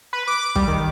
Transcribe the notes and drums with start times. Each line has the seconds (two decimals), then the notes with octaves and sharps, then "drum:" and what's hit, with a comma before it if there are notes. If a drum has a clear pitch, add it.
0.13 B4
0.28 D6
0.56 G3, drum: kick
0.68 D#3